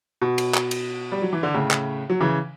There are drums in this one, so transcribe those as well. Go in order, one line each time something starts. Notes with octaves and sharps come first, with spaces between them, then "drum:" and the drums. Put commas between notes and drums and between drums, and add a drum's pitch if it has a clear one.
B2
drum: cymbal
drum: clap
drum: cymbal
G3
F#3
E3
D3
A2 C#3
drum: clap
F#3
C#3 E3